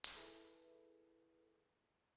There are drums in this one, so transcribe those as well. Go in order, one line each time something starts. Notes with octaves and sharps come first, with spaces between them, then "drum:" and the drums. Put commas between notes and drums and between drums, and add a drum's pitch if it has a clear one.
drum: hi-hat
E4 G#4 A4 B4